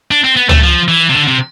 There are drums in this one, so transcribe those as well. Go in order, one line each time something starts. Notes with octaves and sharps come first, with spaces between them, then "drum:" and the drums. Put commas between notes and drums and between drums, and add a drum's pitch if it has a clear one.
D4
C4
B3
A3, drum: tom
F3
E3
C3
D3
C3